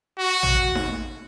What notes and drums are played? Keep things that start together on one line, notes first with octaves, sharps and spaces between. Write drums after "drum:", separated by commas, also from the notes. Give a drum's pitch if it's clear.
F#4
drum: tom
drum: snare D#4